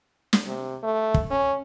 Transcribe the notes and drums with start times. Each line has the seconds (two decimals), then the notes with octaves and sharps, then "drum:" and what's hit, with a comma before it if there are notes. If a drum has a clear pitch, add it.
0.33 drum: snare
0.47 C3
0.83 A3
1.14 drum: kick
1.31 C#4